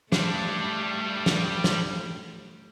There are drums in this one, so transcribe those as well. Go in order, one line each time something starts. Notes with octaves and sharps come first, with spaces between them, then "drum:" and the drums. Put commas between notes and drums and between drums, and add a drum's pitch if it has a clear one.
G3 A3 D4, drum: snare
drum: snare
drum: snare